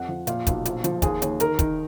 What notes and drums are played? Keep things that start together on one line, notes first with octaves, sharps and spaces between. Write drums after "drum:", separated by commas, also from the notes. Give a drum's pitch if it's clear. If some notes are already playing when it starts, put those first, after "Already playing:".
Already playing: F2 F#5
F3
A#2 F5, drum: hi-hat
B1, drum: kick, hi-hat
A#1, drum: hi-hat
F3, drum: hi-hat
D#2 G#4, drum: kick, hi-hat
D#2, drum: hi-hat
D#3 A#4, drum: hi-hat
D#3, drum: kick, hi-hat